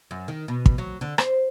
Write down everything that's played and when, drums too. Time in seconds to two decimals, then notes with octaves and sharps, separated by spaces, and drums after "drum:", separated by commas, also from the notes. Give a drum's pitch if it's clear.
0.11 F#2
0.28 D#3
0.48 B2
0.66 drum: kick
0.78 F#3
1.01 D3
1.18 C5, drum: rim click